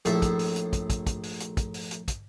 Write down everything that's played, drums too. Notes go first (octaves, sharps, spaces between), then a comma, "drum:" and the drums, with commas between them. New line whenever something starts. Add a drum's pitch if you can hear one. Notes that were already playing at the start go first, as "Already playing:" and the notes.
A#1 A2 E5, drum: hi-hat
drum: kick, hi-hat
drum: open hi-hat
drum: hi-hat
drum: kick, hi-hat
drum: kick, hi-hat
drum: kick, hi-hat
drum: open hi-hat
drum: hi-hat
drum: kick, hi-hat
drum: open hi-hat
drum: hi-hat
drum: kick, hi-hat